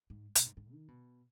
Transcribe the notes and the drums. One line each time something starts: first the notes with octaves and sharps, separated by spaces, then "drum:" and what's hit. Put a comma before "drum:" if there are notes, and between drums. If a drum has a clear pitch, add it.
G#2
B2, drum: hi-hat
G#2
G#2
D#3
B2